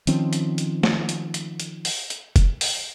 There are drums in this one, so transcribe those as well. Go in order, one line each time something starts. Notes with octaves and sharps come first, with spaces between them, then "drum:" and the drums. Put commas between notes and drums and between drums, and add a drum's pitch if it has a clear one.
D#3 F3 C4 C#4, drum: hi-hat
drum: hi-hat
drum: hi-hat
drum: snare
drum: hi-hat
drum: hi-hat
drum: hi-hat
drum: open hi-hat
drum: hi-hat
drum: kick F1, hi-hat
drum: open hi-hat